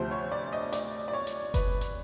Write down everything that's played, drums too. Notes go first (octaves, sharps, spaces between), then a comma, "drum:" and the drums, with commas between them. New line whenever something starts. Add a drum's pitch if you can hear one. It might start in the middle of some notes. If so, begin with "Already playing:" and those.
Already playing: D2 C3 F3 C5
C#5
D5
D#5
D5, drum: hi-hat
D5
C#5
drum: hi-hat
B4, drum: kick F#1, hi-hat
drum: hi-hat